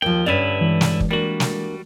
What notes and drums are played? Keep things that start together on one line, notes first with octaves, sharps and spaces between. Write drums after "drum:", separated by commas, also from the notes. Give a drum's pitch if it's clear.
D#2 F3 G5
G2 D3 C#4 E4 B4 D5
E3 G#3
drum: snare
drum: kick
G3 A#3 D4 F#4
drum: snare